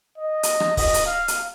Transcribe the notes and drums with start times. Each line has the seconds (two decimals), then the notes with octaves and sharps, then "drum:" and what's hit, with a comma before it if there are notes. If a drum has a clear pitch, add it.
0.18 D#5
0.43 drum: hi-hat
0.60 drum: rim click
0.77 D#5, drum: kick C#1, open hi-hat
0.94 drum: hi-hat
1.06 F5
1.28 drum: hi-hat